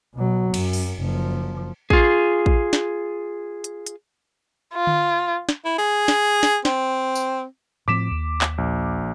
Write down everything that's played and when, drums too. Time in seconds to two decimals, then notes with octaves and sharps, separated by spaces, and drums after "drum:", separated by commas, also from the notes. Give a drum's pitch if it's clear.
0.15 B2 F#3
0.54 F#2, drum: cymbal
0.73 drum: open hi-hat
1.01 F#1 F3
1.90 F4 G#4, drum: kick
2.46 drum: kick
2.73 drum: snare
3.64 drum: hi-hat
3.87 drum: hi-hat
4.74 F4
4.87 drum: tom D3
5.49 drum: snare
5.65 E4
5.78 G#4
6.08 drum: snare
6.43 drum: snare
6.65 C4, drum: snare
7.16 drum: tambourine
7.88 A2 F3 C4 D6 B6 E7
8.11 D#2
8.41 drum: clap
8.58 A#1